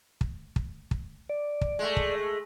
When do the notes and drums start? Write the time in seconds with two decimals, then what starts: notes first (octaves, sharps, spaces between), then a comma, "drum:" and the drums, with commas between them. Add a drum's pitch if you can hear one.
0.21 drum: kick
0.56 drum: kick
0.91 drum: kick
1.29 D5
1.61 drum: kick
1.79 G#3 A3
1.97 drum: kick